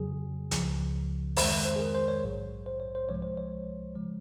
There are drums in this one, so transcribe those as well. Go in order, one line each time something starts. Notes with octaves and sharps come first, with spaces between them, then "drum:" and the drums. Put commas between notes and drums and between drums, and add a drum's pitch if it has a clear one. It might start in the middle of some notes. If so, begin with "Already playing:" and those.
Already playing: F2 C#3 F#3 G#4
C#2 C#3 F3, drum: hi-hat
F2 D#3 G#3 C5, drum: open hi-hat
C5
G#4
A#4
C5
C#5
A#1 G#2 F#3
C5
C#5
C5
C2 C3 F3 G#3 C#5
C5
C#5
C#3 F3 G#3